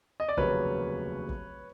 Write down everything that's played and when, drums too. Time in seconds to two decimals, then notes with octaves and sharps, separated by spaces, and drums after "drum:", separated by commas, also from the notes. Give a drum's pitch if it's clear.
0.20 D#5
0.29 D5
0.37 F1 D#2 C#3 F#3 A#3 B4 C#5, drum: kick
1.29 drum: kick